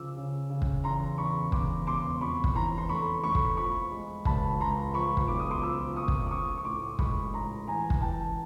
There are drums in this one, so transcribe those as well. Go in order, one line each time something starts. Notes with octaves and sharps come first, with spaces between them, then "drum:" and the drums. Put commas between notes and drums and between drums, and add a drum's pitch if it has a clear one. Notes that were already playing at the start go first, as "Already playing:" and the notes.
Already playing: C#3 F3 D6 E6
C#3
C#3
drum: kick
E2 A#5 C6
E2 B5 C#6
E1 C6 D6, drum: kick
E1 C6 D6
F2 B5 C#6
drum: kick
E3 A#5 C6
C6
A3 B5 C#6
A3 B5 C#6
drum: kick
F3 B5 C#6
G#3
C#2 A5 B5, drum: kick
C#2 A#5 C6
F3 B5 C#6
drum: kick
B1 D6
D#6
C6 D6
F3 D6 E6
A#3 C#6 D#6
drum: kick
D6
F3 C#6 D#6
C#6
A2 C6 D6
G#3 B5 C#6, drum: kick
A2 A#5 C6
E3 G#5 A#5
drum: kick
E3 G5 A5